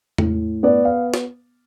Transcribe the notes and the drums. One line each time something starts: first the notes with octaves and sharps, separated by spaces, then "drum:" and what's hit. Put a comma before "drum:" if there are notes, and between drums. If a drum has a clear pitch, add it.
A2, drum: tom E2
B3 D5
F5
drum: snare